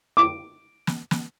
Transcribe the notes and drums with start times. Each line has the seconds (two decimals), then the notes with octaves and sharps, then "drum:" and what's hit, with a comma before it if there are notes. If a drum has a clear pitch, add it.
0.17 D6
0.87 drum: snare
1.11 drum: snare